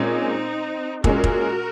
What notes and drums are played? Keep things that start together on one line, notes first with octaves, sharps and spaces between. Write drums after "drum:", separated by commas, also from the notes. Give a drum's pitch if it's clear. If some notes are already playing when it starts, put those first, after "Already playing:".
Already playing: A#2 G#3 C4 C#4 D#4
A#2 G#3 C#4 F#4 A#4, drum: kick
drum: kick